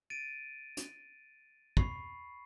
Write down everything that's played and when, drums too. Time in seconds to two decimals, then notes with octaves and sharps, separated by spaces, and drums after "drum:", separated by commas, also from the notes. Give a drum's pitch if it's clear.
0.10 A6 D7 D#7
0.77 drum: hi-hat
1.77 B5 C#6 C7, drum: kick